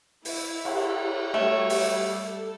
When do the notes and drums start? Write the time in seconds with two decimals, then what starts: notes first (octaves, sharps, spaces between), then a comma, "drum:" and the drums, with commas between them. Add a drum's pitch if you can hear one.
0.25 E4, drum: open hi-hat
0.65 drum: cymbal
1.34 G3 A3 F#4 C#5
1.70 G3, drum: open hi-hat
2.24 A4